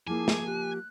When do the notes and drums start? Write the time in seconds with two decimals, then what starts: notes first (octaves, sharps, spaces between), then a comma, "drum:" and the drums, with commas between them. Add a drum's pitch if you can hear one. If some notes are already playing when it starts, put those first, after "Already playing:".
0.07 F3 A#3 E4 G#4 G#5 A5 D6
0.28 drum: snare
0.46 G4 F#6